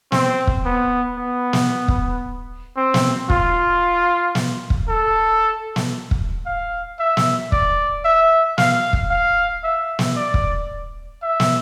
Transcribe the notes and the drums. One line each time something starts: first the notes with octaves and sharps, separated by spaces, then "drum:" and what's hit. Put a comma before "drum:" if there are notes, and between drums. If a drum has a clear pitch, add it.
C4, drum: snare
drum: kick
B3
B3
drum: snare
drum: kick
C4
drum: snare
F4, drum: kick
drum: snare
drum: kick
A4
drum: snare
drum: kick
F5
E5
drum: snare
D5, drum: kick
E5
F5, drum: snare
drum: kick
F5
E5
drum: snare
D5
drum: kick
E5
drum: snare